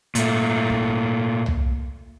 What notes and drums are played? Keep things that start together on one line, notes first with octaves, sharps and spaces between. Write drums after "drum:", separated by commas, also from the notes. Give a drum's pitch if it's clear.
A#2 A3, drum: hi-hat
drum: kick
drum: tom C2